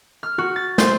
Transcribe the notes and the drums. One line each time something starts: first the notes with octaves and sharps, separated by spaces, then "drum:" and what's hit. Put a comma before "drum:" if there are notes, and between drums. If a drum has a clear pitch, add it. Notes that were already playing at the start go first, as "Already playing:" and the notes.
F6
F#4
A6
C5, drum: snare